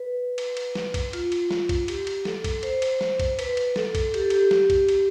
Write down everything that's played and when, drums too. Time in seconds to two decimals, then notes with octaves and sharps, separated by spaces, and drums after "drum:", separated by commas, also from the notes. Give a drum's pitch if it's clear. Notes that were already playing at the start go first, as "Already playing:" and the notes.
Already playing: B4
0.38 drum: cymbal
0.57 drum: cymbal
0.75 drum: snare
0.94 drum: kick, cymbal
1.13 F4, drum: cymbal
1.32 drum: cymbal
1.51 drum: snare
1.69 drum: kick, cymbal
1.88 G4, drum: cymbal
2.07 drum: cymbal
2.25 A4, drum: snare
2.44 drum: kick, cymbal
2.63 C5, drum: cymbal
2.82 drum: cymbal
3.01 drum: snare
3.20 drum: kick, cymbal
3.39 B4, drum: cymbal
3.57 drum: cymbal
3.76 A4, drum: snare
3.95 drum: kick, cymbal
4.14 G4, drum: cymbal
4.21 A4
4.30 G4, drum: cymbal
4.51 drum: snare
4.70 drum: kick, cymbal
4.89 drum: cymbal